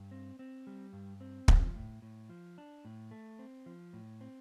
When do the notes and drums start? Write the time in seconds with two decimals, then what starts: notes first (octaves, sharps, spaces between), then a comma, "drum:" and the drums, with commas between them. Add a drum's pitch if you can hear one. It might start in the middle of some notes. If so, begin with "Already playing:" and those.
Already playing: G2
0.11 C4
0.39 C4
0.67 G3
0.93 G2
1.21 C4
1.48 F3, drum: kick
1.75 A2
2.02 A2
2.29 F3
2.58 D4
2.85 A2
3.11 A3
3.39 C4
3.66 F3
3.93 A2
4.21 C4